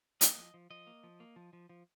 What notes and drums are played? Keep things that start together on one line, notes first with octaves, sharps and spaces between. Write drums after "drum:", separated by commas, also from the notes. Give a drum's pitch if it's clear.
A#3 D#5, drum: hi-hat
F3
F3
F3 D#5
A#3
F3
A#3
F3
F3
F3